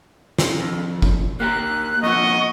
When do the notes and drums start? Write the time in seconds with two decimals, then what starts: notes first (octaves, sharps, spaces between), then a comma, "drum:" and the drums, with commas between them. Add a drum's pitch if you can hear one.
0.38 drum: snare
0.60 F2
1.02 drum: kick F#1
1.40 A#3 G4 A#4 F#6
2.03 F2 A#2 B3 D#5 C#6